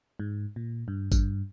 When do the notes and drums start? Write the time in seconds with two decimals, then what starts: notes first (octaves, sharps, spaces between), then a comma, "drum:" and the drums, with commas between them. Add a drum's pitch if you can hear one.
0.19 G#2
0.56 A#2
0.88 G2
1.12 G2, drum: kick G#1, tambourine